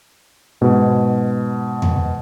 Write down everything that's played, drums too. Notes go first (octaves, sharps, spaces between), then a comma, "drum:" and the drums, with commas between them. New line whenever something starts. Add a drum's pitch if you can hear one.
G#2 B2
drum: tom E2